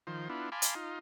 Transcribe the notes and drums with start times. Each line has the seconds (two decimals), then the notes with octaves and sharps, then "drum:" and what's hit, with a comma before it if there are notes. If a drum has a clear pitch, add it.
0.07 D#3 F3 C5
0.29 B3 D4 E4 F4
0.52 F5 G#5 A5 B5 C6 D6
0.62 drum: hi-hat
0.75 D#4 F4